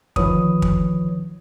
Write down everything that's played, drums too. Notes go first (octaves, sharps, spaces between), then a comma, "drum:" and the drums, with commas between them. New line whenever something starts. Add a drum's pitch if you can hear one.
D2 D#3 F3 B4 C#5 D#6, drum: kick
drum: kick